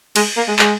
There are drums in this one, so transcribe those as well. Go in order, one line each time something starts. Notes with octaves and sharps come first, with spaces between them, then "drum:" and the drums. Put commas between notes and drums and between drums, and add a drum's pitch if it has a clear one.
G#3, drum: cymbal
A#3
G#3
G#3, drum: clap